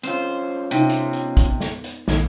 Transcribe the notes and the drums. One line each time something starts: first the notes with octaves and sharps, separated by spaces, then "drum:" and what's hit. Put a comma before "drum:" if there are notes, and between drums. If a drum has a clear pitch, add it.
C4 C#4 F4 C5
C3 G#3 B3 D#4
drum: hi-hat
drum: hi-hat
drum: kick, hi-hat
drum: snare
drum: hi-hat
A#1 A#2 D#3 E3 G#6, drum: snare